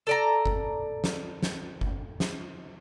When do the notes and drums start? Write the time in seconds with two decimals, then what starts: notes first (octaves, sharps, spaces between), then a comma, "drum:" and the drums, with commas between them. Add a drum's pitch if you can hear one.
0.07 A4 D5 A#5
0.46 drum: kick G1
1.04 drum: snare
1.43 drum: snare
1.81 drum: kick G1
2.20 drum: snare